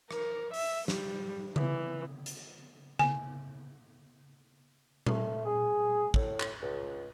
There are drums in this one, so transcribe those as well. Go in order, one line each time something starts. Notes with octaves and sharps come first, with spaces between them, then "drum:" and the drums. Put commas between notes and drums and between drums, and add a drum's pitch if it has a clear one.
A#4, drum: rim click
E5, drum: open hi-hat
G3, drum: snare
E3, drum: tom C#3
drum: hi-hat
G#5, drum: tom C#3
A3, drum: tom A#2
G#4
A2, drum: kick
drum: clap
C#2